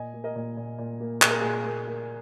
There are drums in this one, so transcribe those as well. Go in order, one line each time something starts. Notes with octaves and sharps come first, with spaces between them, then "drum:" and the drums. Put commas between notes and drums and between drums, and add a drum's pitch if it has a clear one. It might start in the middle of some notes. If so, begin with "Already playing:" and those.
Already playing: A#2 D#5 G#5
A#3
A#4 D#5
A#2
A#2
A#2
A#3
A#2 G#4, drum: clap
A#4
A#2 G#4
A#3
A#3